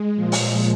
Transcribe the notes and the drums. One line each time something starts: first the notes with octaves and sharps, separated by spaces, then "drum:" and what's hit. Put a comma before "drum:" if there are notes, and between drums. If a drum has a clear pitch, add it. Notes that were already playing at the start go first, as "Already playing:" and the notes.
Already playing: G#3
A#2 F3
drum: open hi-hat